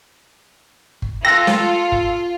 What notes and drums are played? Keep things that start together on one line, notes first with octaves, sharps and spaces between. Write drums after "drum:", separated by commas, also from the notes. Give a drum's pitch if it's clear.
drum: kick G1
F4 A4 G5 E6 F#6 A#6
drum: snare
drum: kick G1